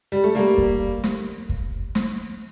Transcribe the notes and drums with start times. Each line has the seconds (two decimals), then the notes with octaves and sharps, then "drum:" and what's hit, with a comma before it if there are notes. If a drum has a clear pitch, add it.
0.12 G3
0.24 A3
0.35 G3 A#3
0.58 drum: kick
1.04 drum: snare
1.49 drum: kick
1.95 drum: snare